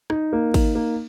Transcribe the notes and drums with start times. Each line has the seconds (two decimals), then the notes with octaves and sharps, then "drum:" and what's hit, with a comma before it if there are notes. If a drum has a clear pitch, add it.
0.10 D#4, drum: rim click
0.33 A#3
0.54 D#4, drum: kick, cymbal
0.75 A#3